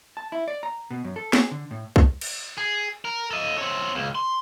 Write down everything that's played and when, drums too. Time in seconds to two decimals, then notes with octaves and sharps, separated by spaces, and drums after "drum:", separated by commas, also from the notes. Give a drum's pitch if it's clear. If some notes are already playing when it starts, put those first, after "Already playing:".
0.17 A5
0.32 E4
0.48 D5
0.63 A#5
0.91 B2
1.04 F#2
1.16 A4
1.33 G#4, drum: snare
1.51 D3
1.71 A2
1.96 drum: kick C2
2.21 drum: cymbal
2.58 G#4
3.05 A#4
3.31 A4 D#5
3.58 C4 C#5
3.95 C#2
4.15 C6